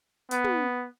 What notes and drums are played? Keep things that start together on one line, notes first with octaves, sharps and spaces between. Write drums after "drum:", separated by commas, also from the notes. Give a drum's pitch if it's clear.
B3, drum: hi-hat
drum: tom